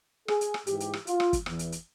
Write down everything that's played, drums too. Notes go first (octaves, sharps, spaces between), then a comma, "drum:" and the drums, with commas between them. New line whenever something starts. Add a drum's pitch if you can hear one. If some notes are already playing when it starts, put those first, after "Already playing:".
G#4, drum: rim click
drum: hi-hat
drum: rim click
G#2 E3 G4, drum: hi-hat
drum: hi-hat
drum: rim click
F4, drum: hi-hat
drum: rim click
drum: kick F#1, hi-hat
E2 E3, drum: rim click
drum: hi-hat
drum: hi-hat